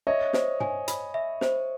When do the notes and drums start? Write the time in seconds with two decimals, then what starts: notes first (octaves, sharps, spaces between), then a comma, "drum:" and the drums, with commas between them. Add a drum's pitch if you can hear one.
0.07 C#5 D#5 E5
0.33 C5, drum: snare
0.60 G#5, drum: tom
0.88 B5, drum: hi-hat
1.14 E5
1.41 C5, drum: snare